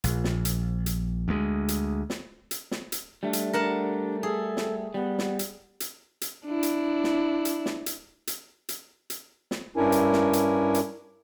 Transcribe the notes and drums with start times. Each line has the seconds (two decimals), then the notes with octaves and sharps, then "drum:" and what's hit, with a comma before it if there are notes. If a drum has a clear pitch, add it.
0.04 A#1, drum: hi-hat
0.24 drum: snare
0.45 drum: hi-hat
0.86 drum: hi-hat
1.28 D2 G#3
1.68 drum: hi-hat
2.10 drum: snare
2.51 drum: hi-hat
2.71 drum: snare
2.92 drum: hi-hat
3.23 G3 A3 D4
3.33 drum: hi-hat
3.53 D4 A#4 F#5 A5
4.23 G#4 A4
4.57 drum: snare
4.94 G3 B3
5.19 drum: snare
5.39 drum: hi-hat
5.80 drum: hi-hat
6.21 drum: hi-hat
6.46 D4 E4
6.63 drum: hi-hat
7.04 drum: snare
7.45 drum: hi-hat
7.66 drum: snare
7.86 drum: hi-hat
8.27 drum: hi-hat
8.69 drum: hi-hat
9.10 drum: hi-hat
9.51 drum: snare
9.76 G2 C#4 D4 E4 A#4 G#5
9.92 drum: hi-hat
10.13 drum: snare
10.33 drum: hi-hat
10.75 drum: hi-hat